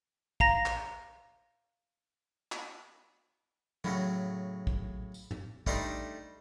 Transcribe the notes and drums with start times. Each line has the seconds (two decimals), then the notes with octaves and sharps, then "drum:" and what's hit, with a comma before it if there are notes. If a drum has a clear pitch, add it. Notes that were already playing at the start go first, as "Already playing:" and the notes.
0.40 F5 A#5 A#6, drum: kick
0.66 drum: clap
2.52 drum: clap
3.84 A2 C#3 F#3, drum: tom
4.67 drum: kick
5.14 drum: tambourine
5.31 drum: tom
5.67 G3 A3 D4 D#4 C5 D5, drum: kick